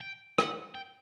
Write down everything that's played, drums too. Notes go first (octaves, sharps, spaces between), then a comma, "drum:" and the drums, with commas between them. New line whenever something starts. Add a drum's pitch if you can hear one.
G5
F#5, drum: rim click
G5